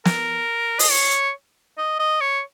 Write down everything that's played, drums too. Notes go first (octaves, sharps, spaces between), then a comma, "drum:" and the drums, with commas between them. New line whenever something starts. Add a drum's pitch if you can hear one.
A#4, drum: snare
D#5, drum: open hi-hat
C#5
D#5
D#5
C#5